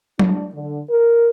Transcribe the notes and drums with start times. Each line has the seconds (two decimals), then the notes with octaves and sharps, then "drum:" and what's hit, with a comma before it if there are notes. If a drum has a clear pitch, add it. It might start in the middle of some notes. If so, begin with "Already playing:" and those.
0.19 D4, drum: tom F#3
0.54 D3
0.90 A#4